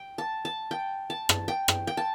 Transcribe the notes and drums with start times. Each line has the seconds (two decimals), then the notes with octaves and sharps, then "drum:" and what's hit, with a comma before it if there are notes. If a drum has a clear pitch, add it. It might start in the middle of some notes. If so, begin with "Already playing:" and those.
Already playing: G5
0.18 A5
0.45 A5
0.71 G5
1.10 A5
1.29 drum: rim click
1.48 G5
1.68 drum: rim click
1.87 G5
1.97 A5